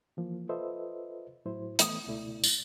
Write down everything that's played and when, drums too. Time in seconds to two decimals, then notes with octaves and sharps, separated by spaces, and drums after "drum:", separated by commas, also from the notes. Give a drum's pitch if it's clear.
0.17 E3 F3 A#3
0.49 F4 A4 B4 C5 D#5 E5
1.46 A2 F#3 E4 C5
1.79 E3 A3 B3 D#6, drum: hi-hat
2.07 C#2 B2 A3 E4 D5
2.44 drum: tambourine